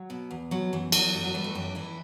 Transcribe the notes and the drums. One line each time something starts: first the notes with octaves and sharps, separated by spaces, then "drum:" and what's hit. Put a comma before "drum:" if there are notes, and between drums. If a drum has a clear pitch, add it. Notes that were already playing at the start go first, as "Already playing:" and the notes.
Already playing: F#3
B2
E2
B2 F#3
F#2 E3
E3 F#3, drum: cymbal
F#2 G3
F#3
E3 G3
A3
F#2 G4
E3 E4